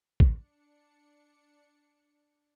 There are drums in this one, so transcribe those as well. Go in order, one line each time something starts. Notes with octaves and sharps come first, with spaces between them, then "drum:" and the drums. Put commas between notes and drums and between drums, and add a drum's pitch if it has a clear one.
D4 C#7, drum: kick A1